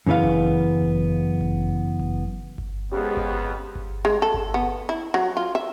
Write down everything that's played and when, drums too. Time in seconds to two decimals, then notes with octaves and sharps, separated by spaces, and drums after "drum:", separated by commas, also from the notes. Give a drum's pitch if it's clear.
0.06 F#2 C#3 E3 B3 F5
0.24 drum: kick G1
0.82 drum: kick G1
1.41 drum: kick G1
1.99 drum: kick G1
2.58 drum: kick G1
2.92 F2 G#3 B3 C#4 G4
3.17 drum: kick G1
3.75 drum: kick G1
4.05 G#3
4.22 A4
4.34 drum: kick G1
4.54 B3
4.89 E4
5.14 F#3
5.37 F4
5.55 E5